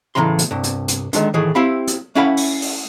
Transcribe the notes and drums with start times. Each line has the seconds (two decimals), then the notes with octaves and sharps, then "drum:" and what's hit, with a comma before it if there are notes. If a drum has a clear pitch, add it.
0.15 A2 C#3 E3 A#5 C6
0.39 drum: hi-hat
0.51 C2 G2
0.63 drum: hi-hat
0.88 drum: hi-hat
1.13 D3 D#3 F3 G#3, drum: hi-hat
1.34 A2 D#3 E3 G#4
1.55 C4 E4 G4 F5 B5
1.87 drum: hi-hat
2.15 A3 C#4 E4 F5 F#5 B5
2.37 drum: open hi-hat
2.62 drum: open hi-hat